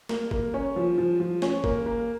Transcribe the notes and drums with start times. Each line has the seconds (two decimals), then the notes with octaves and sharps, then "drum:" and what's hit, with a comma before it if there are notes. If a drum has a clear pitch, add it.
0.09 A#3, drum: snare
0.31 A#3, drum: kick
0.54 C#4
0.76 F3
0.98 F3
1.20 F3
1.42 C#4, drum: snare
1.64 A#3, drum: kick
1.86 A#3